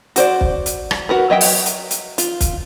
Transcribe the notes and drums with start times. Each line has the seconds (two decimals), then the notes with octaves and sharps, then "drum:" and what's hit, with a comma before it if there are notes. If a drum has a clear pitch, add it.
0.16 F#4 C5 D5, drum: hi-hat
0.41 drum: kick
0.66 drum: hi-hat
0.91 drum: rim click
1.09 F#4 A#4 B4
1.30 F#3 D#5 E5 G5
1.41 drum: open hi-hat
1.66 drum: hi-hat
1.91 drum: hi-hat
2.18 F4, drum: hi-hat
2.40 drum: kick, hi-hat